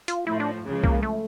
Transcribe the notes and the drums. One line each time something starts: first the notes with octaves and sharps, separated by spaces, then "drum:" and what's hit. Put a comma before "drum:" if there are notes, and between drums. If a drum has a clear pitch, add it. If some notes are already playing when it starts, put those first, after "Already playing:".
F4, drum: hi-hat
A2 F3 A3 E4
D4
C#2 C#3 F3
A#3, drum: kick C2
A3